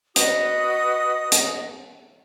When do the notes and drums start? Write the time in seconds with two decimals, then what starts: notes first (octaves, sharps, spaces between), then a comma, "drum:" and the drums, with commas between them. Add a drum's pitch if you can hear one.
0.16 F#4 B4 D#5 D#6, drum: hi-hat
1.32 drum: hi-hat